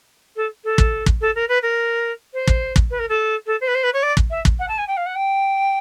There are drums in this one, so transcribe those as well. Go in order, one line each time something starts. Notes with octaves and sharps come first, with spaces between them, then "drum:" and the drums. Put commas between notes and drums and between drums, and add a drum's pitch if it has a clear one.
A4
A4
drum: kick
drum: kick
A4
A#4
B4
A#4
C5
drum: kick
drum: kick
B4
A#4
A4
A4
C5
B4
C5
B4
C#5
D5
drum: kick
E5
drum: kick
F#5
A5
G#5
G5
F5
F#5
G5